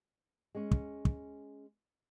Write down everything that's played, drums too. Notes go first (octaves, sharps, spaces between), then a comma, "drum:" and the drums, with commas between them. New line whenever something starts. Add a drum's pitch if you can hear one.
G#3 C#4
drum: kick
drum: kick